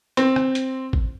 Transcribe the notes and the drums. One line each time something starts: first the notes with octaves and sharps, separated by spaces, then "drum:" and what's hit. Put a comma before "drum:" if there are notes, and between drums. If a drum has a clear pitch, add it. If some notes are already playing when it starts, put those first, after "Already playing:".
C4, drum: hi-hat
drum: rim click
drum: hi-hat
drum: kick G#1